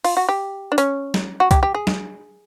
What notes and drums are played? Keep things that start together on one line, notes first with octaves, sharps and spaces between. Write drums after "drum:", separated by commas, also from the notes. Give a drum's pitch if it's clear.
F4, drum: open hi-hat
F#4
G4
D4
C#4, drum: hi-hat
drum: snare
F#4
G4, drum: kick C2, hi-hat
G4
G#4
drum: snare